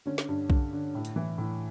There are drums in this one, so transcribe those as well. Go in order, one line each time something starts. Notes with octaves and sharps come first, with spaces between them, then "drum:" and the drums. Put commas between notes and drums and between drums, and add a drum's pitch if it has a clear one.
D3 C#4
drum: snare
G2
D3, drum: kick B1
D3
A2
drum: hi-hat
E3
A2